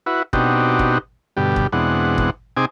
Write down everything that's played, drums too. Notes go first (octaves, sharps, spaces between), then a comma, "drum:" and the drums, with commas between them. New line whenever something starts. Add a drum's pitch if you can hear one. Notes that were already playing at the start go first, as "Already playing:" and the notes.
E4 F#4 B4
B2 C4 D4 D#4 F#4 G4, drum: kick
drum: kick
G2 B2 D3 G4
drum: kick
E2 B2 G#3 C4 D4 F#5
drum: kick
C3 C4 D#4 G#4 G#5 D6